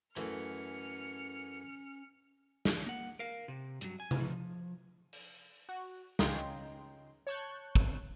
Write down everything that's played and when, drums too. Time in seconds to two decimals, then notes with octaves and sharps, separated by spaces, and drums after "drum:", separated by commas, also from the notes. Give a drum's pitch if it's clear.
0.17 F#2 E3 A3 C#4 C6 F6 C#7, drum: hi-hat
2.65 drum: snare
2.87 A#3 F#5
3.19 A#4 F5
3.48 C3
3.81 G2 F#3, drum: hi-hat
4.00 G#5
4.11 drum: tom C3
4.20 F3
5.13 drum: open hi-hat
5.69 F#4
6.19 C#2 C#3 D#4 G5 A#5 C6, drum: snare
7.27 C#5 A5 C#6 F#6 G6
7.75 drum: kick